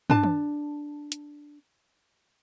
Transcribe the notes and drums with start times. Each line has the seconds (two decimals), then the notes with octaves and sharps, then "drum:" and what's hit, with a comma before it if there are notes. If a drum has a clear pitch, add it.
0.10 D4 A5, drum: tom
0.24 drum: tom D#3
1.12 drum: hi-hat